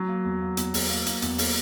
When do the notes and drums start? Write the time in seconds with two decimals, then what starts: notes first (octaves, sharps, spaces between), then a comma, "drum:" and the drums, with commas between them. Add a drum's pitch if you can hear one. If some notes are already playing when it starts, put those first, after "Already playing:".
Already playing: F#3
0.09 A#3
0.25 E2
0.41 A#3
0.57 E2, drum: hi-hat
0.74 E2, drum: open hi-hat
0.90 A#3
1.06 A#3, drum: hi-hat
1.22 E2, drum: hi-hat
1.38 A#3, drum: open hi-hat